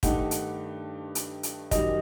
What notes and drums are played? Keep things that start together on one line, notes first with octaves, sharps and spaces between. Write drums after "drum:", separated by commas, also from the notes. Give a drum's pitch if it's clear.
G2 D#3 A3 D#4 G4 F#5, drum: kick, hi-hat
drum: hi-hat
drum: hi-hat
drum: hi-hat
F#2 D#3 G3 D#5, drum: kick, hi-hat